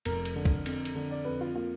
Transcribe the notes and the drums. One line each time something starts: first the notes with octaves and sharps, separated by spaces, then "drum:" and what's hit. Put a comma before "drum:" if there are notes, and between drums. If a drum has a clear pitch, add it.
F1 A#4, drum: cymbal
drum: cymbal
D3
drum: kick
F2, drum: cymbal
drum: cymbal
D3
D5
F2 B4
F4
A#3 F4